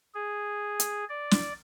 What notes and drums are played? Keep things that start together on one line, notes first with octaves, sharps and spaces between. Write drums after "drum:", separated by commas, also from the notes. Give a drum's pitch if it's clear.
G#4
drum: hi-hat
D5
drum: snare